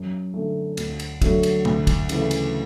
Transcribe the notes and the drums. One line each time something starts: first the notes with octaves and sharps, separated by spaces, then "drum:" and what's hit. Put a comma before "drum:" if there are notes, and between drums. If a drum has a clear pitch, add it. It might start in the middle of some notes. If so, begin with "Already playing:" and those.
Already playing: F#2
D3 A3
D2, drum: cymbal
drum: cymbal
D3 F#3 A3, drum: kick, cymbal
drum: cymbal
D2, drum: tom
drum: kick, cymbal
C#3 E3 A3, drum: cymbal
drum: cymbal